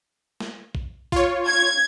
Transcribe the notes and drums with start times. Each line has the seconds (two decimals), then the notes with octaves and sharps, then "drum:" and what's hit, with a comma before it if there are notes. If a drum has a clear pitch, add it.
0.40 drum: snare
0.75 drum: kick
1.12 F4 C#5, drum: kick
1.48 G#6